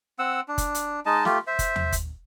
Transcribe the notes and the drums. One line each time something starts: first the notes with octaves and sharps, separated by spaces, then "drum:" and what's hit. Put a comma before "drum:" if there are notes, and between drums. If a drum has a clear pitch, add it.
C4 F#5 E6
D4
drum: kick F#1, hi-hat
drum: hi-hat
G#3 D#4 D#5 A5
A3 F4 G4, drum: snare
C5 E5
drum: kick F#1, hi-hat
drum: tom
drum: kick F#1, hi-hat